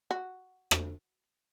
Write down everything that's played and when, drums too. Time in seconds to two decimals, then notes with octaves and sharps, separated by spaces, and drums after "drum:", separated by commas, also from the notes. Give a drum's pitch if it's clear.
0.11 F#4
0.71 drum: rim click